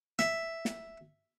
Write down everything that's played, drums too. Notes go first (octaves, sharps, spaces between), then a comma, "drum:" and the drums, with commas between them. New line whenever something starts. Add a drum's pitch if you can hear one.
E5, drum: snare
drum: snare